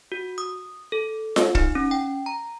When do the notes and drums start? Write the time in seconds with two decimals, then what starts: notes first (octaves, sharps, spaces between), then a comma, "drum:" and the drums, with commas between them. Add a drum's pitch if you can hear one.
0.12 F#4
0.38 D#6
0.92 A4
1.36 drum: snare F4
1.55 D#4, drum: kick
1.75 C#4
1.91 G5
2.26 A#5